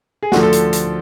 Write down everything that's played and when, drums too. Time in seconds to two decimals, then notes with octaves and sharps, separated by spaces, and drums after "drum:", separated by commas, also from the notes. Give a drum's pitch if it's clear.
0.23 G#4
0.32 D2 D3 F3 F#4, drum: snare
0.43 A4
0.52 drum: hi-hat
0.73 drum: hi-hat